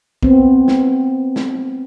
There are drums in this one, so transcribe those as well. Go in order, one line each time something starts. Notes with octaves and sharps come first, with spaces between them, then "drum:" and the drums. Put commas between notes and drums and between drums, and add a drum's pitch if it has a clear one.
B3 C4, drum: kick
drum: snare
drum: snare